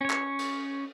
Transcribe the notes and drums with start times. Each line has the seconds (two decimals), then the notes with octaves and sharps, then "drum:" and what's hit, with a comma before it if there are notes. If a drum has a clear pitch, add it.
0.01 C#4 C#5
0.10 drum: clap
0.39 drum: cymbal